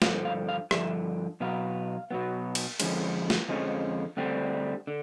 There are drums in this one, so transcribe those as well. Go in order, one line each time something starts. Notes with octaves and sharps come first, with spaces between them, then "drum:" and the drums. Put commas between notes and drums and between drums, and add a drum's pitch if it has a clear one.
G2 D3 F3 F5, drum: snare
F5
F5
G2 D3 F3 E5, drum: rim click
B2 F#3 B3 F5
B2 F#3 B3
drum: cymbal
F2 D3 F3 G#3 C#4, drum: cymbal
drum: snare
F2 D3 F3 G#3 C#4
D2 D3 G3 C4
D3